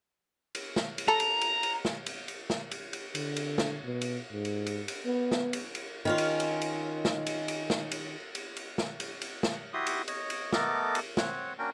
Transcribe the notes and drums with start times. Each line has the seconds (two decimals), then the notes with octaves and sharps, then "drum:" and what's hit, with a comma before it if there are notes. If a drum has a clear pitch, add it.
0.55 drum: cymbal
0.76 drum: snare
0.98 drum: cymbal
1.08 A4 A#5
1.20 drum: cymbal
1.41 drum: cymbal
1.63 drum: cymbal
1.85 drum: snare
2.06 drum: cymbal
2.28 drum: cymbal
2.50 drum: snare
2.71 drum: cymbal
2.93 drum: cymbal
3.15 D3, drum: cymbal
3.36 drum: cymbal
3.58 drum: snare
3.84 B2
4.01 drum: cymbal
4.32 G#2
4.45 drum: cymbal
4.66 drum: cymbal
4.88 drum: cymbal
5.05 B3
5.31 drum: snare
5.53 drum: cymbal
5.75 drum: cymbal
6.05 D#3 C#4 F4
6.18 drum: cymbal
6.40 drum: cymbal
6.61 drum: cymbal
7.05 drum: snare
7.27 drum: cymbal
7.48 drum: cymbal
7.70 drum: snare
7.92 drum: cymbal
8.35 drum: cymbal
8.57 drum: cymbal
8.78 drum: snare
9.00 drum: cymbal
9.22 drum: cymbal
9.43 drum: snare
9.73 E4 F#4 G4 C6 D#6
9.87 drum: cymbal
10.08 C#5 D#5, drum: cymbal
10.30 drum: cymbal
10.53 A3 B3 A4 A#4 D#5 D6, drum: snare
10.95 drum: cymbal
11.17 C4 C#5 F#5, drum: snare
11.59 A#3 C#4 D4 F#4 A#4 G5